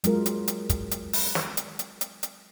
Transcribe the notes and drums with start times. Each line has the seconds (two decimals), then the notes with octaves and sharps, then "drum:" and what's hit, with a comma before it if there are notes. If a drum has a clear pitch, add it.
0.04 F#3 G#3 F4 A#4, drum: hi-hat
0.26 drum: hi-hat
0.48 drum: hi-hat
0.69 drum: kick, hi-hat
0.91 drum: hi-hat
1.13 drum: open hi-hat
1.35 drum: snare
1.57 drum: hi-hat
1.79 drum: hi-hat
2.01 drum: hi-hat
2.23 drum: hi-hat